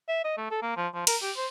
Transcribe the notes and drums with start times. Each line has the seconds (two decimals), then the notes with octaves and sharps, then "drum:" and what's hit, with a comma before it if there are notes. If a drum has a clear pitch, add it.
0.08 E5
0.24 D#5
0.37 A3
0.51 A4
0.62 A#3
0.77 F3
0.94 F3
1.07 A#4, drum: cymbal
1.22 G4
1.37 C5